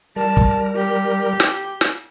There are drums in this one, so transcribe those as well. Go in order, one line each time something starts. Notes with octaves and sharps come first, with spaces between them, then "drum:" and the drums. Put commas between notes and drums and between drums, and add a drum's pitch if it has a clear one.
G3 A#4 A5
drum: kick
G4
drum: snare
drum: snare